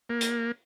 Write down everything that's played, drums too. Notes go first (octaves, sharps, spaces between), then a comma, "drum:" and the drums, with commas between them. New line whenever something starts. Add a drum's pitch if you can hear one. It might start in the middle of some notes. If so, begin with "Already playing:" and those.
A#3
drum: hi-hat